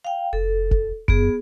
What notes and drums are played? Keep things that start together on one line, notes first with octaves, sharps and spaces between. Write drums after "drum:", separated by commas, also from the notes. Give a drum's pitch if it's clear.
F5 G5
F1 A4
drum: kick F1
F#2 B3 G#4, drum: kick F1